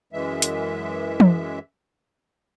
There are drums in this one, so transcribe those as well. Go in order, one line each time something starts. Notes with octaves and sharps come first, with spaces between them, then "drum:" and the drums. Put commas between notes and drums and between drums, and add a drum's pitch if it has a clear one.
F#2 E3 G#3 E5
drum: hi-hat
drum: tom E3